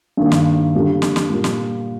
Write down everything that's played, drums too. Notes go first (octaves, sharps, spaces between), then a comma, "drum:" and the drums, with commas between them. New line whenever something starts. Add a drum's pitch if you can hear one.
G2 D#3 A#3
drum: snare
D3 G3 A#3
drum: snare
drum: snare
A#2 G3 A#3
drum: snare